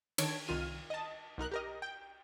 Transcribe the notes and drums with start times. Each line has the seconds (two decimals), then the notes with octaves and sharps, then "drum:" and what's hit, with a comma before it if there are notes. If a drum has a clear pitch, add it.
0.18 D3 D#3 C#5 A5 G#6 D7, drum: cymbal
0.47 C2 D#3 F4 F6 D#7
0.90 D#5 A5
1.38 B1 D#4 A#4 F#6
1.52 G4 A#4 D#5
1.82 G5